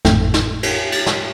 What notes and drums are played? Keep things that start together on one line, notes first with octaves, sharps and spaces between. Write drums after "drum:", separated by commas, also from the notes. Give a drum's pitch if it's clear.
G#1 F2 A2 A3 G5, drum: snare
drum: snare
drum: cymbal
drum: cymbal
drum: snare